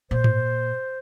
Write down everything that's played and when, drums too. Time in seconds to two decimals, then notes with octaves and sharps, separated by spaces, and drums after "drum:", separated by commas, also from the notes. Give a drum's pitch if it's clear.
0.11 A#2 C5
0.24 drum: tom G#2